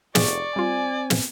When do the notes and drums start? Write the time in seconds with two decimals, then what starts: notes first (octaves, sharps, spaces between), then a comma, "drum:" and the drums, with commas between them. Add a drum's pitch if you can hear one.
0.15 F1 G#4 D5 C#6, drum: snare
0.56 G3 C4 F4 G#5
1.10 drum: snare